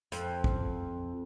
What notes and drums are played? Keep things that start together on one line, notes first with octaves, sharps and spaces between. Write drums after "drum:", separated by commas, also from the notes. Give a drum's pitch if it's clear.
F2, drum: hi-hat
drum: kick